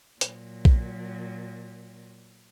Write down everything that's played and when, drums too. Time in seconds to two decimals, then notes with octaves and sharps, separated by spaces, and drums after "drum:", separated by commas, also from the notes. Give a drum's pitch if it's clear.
0.21 A#2 F#3, drum: hi-hat
0.65 drum: kick